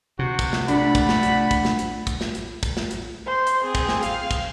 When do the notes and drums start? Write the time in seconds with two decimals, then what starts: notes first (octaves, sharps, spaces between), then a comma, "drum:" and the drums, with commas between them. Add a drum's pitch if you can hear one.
0.19 C3 F#4
0.39 drum: kick, hi-hat
0.53 drum: snare
0.68 A3 D4 F#5 B5, drum: hi-hat
0.95 drum: kick, hi-hat
1.09 drum: snare
1.23 drum: hi-hat
1.51 drum: kick, hi-hat
1.65 drum: snare
1.79 drum: hi-hat
2.07 drum: kick, hi-hat
2.21 drum: snare
2.35 drum: hi-hat
2.63 drum: kick, hi-hat
2.77 drum: snare
2.91 drum: hi-hat
3.26 C5
3.47 drum: hi-hat
3.64 C4 G#4
3.75 drum: kick, hi-hat
3.89 drum: snare
4.03 F5, drum: hi-hat
4.31 drum: kick, hi-hat